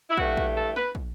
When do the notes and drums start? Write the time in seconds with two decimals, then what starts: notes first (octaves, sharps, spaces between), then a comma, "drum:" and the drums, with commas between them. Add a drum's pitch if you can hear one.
0.10 E4
0.17 G2 E3 A3 F#4, drum: kick
0.37 drum: kick
0.57 A4
0.76 B4, drum: snare
0.95 drum: kick